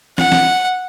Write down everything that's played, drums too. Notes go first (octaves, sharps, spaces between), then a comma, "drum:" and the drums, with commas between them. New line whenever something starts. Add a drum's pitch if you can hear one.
F#5, drum: snare
drum: snare